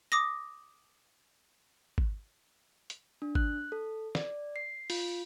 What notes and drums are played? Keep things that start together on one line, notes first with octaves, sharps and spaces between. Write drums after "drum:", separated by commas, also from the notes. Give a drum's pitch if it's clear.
D6 D#6 A#6
drum: kick G#1
drum: hi-hat
D4
F#6, drum: kick G#1
A4
D5, drum: snare
C7
F4, drum: open hi-hat